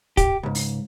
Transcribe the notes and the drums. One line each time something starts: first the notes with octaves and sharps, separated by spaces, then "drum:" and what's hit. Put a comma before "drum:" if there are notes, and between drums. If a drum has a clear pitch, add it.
G4, drum: kick, hi-hat
C#2 G#2
drum: open hi-hat